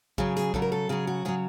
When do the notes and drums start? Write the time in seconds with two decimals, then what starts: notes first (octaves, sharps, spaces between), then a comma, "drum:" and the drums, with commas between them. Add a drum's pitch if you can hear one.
0.18 C#3 F#3 G#4, drum: kick
0.37 G#4, drum: hi-hat
0.54 C#3 F#3 A4, drum: kick
0.62 A#4
0.72 A4
0.89 C#3 F#3 G#4
1.07 F#4
1.25 C#3 F#3 G#4